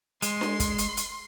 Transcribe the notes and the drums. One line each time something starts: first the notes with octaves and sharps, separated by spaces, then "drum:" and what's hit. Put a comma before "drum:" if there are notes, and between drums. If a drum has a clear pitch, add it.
G#3 C6, drum: hi-hat
drum: snare D4
drum: kick, hi-hat
drum: hi-hat
drum: hi-hat